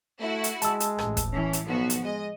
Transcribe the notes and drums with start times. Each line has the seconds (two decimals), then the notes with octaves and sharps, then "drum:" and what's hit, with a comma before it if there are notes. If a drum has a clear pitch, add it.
0.20 A3 E4 F#4
0.44 drum: hi-hat
0.62 G#3 A5 E6, drum: hi-hat
0.80 drum: hi-hat
0.98 A1, drum: rim click
1.17 drum: kick, hi-hat
1.33 E3 C#4
1.53 drum: hi-hat
1.66 B1 F3 B3 F#4
1.90 drum: hi-hat
2.04 G#3 D#5